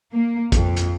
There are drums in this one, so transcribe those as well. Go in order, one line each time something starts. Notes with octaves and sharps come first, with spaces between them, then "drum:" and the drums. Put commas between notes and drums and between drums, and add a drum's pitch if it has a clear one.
A#3
F2, drum: kick A1, hi-hat
drum: hi-hat